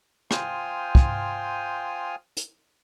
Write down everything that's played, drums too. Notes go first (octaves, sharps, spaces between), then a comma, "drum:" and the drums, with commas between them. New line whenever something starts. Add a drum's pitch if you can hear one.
F4 C5 G5 G#5 D#6 F6, drum: rim click
drum: kick
drum: hi-hat